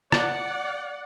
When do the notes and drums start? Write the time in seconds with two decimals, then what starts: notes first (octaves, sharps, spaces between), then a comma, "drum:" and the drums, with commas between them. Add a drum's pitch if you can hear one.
0.12 D5 F#5, drum: rim click